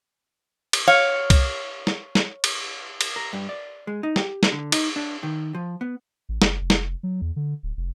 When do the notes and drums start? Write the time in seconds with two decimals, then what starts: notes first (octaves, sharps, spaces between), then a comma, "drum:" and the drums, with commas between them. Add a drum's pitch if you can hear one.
0.73 drum: cymbal
0.87 C#5 F5
1.30 drum: kick C2, cymbal
1.87 drum: snare
2.15 drum: snare
2.44 drum: cymbal
3.01 drum: cymbal
3.16 A#4
3.33 G2
3.49 D5
3.87 G#3
4.03 D#4
4.16 G4, drum: snare
4.43 drum: snare
4.52 D3
4.72 D#4, drum: cymbal
4.96 D4
5.23 D#3
5.54 F3
5.81 B3
6.29 A1
6.42 F#1, drum: snare
6.61 F1
6.70 drum: snare
7.03 F#3
7.21 E2
7.36 D3
7.63 D1
7.77 F1